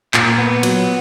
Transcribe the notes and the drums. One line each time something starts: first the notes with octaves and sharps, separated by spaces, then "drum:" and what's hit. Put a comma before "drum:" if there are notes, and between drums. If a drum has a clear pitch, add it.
A#2, drum: clap
B3
F#3, drum: cymbal